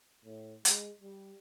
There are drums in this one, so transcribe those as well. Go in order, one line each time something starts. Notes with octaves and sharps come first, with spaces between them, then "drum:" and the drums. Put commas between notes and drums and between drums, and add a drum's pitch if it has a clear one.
A2
G#3, drum: hi-hat
G3